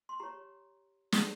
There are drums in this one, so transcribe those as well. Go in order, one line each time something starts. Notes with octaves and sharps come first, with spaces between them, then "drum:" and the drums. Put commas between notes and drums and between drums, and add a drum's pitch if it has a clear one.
C6
G4 C#5 A#5
D#4 G#4 C#5, drum: snare